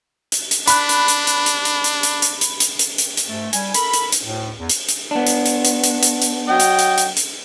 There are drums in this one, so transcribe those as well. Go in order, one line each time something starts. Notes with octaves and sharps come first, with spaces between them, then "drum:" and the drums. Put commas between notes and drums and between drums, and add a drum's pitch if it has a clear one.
drum: hi-hat
drum: hi-hat
D4 B5 F#6, drum: hi-hat
drum: hi-hat
drum: hi-hat
drum: hi-hat
drum: hi-hat
drum: hi-hat
drum: hi-hat
drum: hi-hat
drum: hi-hat
drum: hi-hat
drum: hi-hat
drum: hi-hat
drum: hi-hat
drum: hi-hat
G#2 A3
G3 G#5, drum: hi-hat
A4 A#4 B5, drum: hi-hat
drum: hi-hat
drum: hi-hat
D2 A2
E2
drum: hi-hat
drum: hi-hat
B3 D4
drum: hi-hat
drum: hi-hat
drum: hi-hat
drum: hi-hat
drum: hi-hat
drum: hi-hat
F#3 D#5 G5
drum: hi-hat
drum: hi-hat
drum: hi-hat
drum: hi-hat